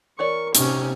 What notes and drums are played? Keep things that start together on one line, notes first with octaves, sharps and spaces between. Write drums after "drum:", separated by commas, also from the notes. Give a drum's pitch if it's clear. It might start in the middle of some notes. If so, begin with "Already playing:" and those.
E3 A#4 C#5 D5 C#6
C3 C#4 D#4 C#6, drum: hi-hat